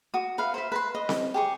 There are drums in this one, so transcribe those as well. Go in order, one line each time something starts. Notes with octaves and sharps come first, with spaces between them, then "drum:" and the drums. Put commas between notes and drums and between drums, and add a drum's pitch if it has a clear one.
F#4 D#6
B4 E5 F5
C5 E5
B4 A#5 C6
D#5
drum: snare C4
G4 G#4 C#6